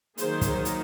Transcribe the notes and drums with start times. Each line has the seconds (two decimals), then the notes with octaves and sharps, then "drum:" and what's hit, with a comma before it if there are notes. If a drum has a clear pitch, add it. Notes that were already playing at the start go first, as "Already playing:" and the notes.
0.18 D#3 F#3 A#3 D#4 G#4 C5, drum: hi-hat
0.41 drum: kick, hi-hat
0.65 drum: hi-hat